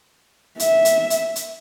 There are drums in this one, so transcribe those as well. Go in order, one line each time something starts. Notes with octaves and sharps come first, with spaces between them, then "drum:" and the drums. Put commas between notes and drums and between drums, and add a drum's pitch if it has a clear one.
E5, drum: hi-hat
drum: hi-hat
drum: hi-hat
drum: hi-hat